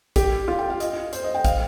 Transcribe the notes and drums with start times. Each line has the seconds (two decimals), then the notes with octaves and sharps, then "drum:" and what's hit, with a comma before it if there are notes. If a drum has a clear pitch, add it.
0.16 G4, drum: kick, hi-hat
0.48 F4
0.59 G5
0.70 F5
0.80 D#5, drum: hi-hat
1.13 C5, drum: hi-hat
1.24 D#5
1.35 G5
1.45 F5, drum: kick, hi-hat